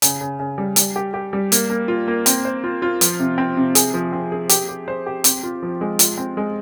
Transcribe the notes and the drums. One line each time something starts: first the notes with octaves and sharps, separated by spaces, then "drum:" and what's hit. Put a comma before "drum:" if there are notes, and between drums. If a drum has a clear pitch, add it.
C#3, drum: hi-hat
C#3
C#3
G3
G3, drum: hi-hat
G4
G4
G3
A#3, drum: hi-hat
A#3
F4
A#3
C4, drum: hi-hat
C5
F4
F4
F3, drum: hi-hat
C3
C4
C3
G#4, drum: hi-hat
F3
C4
G#4
G4, drum: hi-hat
G4
C5
G4
C4, drum: hi-hat
F4
F3
G#3
F4, drum: hi-hat
C4
G#3